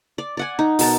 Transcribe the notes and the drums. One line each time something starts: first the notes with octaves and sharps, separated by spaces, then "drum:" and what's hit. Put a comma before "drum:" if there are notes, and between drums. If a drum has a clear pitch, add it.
D5
D5 F#5 G#5
D#4
B2 A#4 A5, drum: open hi-hat